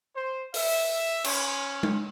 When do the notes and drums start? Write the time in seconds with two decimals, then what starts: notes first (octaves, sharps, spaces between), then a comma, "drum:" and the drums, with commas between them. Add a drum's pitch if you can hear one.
0.15 C5
0.54 E5, drum: open hi-hat
1.24 C#4, drum: cymbal
1.83 drum: tom G#3